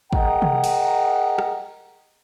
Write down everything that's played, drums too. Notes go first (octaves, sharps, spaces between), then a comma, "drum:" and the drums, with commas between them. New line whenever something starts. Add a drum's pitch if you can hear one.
G#4 A#4 D#5 F#5 G5 A#5, drum: kick
drum: tom C3
drum: cymbal
drum: rim click